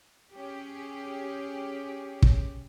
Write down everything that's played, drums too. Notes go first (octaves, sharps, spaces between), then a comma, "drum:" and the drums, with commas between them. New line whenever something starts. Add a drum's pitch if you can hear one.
C#4 G4 G#4
drum: kick